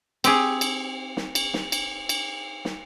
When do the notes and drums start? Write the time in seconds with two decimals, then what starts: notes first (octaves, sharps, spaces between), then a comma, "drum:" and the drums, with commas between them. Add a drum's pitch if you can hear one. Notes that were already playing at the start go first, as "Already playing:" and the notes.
0.24 C4 G4 G#4, drum: cymbal
0.61 drum: cymbal
1.17 drum: snare
1.35 drum: cymbal
1.54 drum: snare
1.72 drum: cymbal
2.09 drum: cymbal
2.65 drum: snare